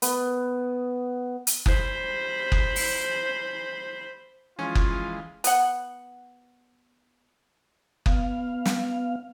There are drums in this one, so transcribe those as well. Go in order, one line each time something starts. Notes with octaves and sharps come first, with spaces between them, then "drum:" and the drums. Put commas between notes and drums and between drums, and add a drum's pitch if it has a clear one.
B3, drum: hi-hat
drum: hi-hat
C5 B5, drum: kick F#1
drum: kick F#1
drum: open hi-hat
E3 F3 G#3 C#4 F4
drum: kick F#1
B3 F#5, drum: hi-hat
B3 F5, drum: kick F#1
drum: snare